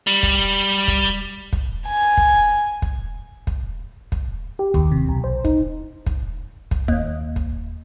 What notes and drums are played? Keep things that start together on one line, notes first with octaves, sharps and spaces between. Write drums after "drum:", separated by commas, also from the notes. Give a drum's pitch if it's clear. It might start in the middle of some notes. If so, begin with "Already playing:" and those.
G3
drum: kick
drum: kick
drum: kick
G#5
drum: kick
drum: kick
drum: kick
drum: kick
G4
D#2, drum: kick
C3
B1
C5
D#4, drum: kick
drum: kick
drum: kick
D#2
drum: kick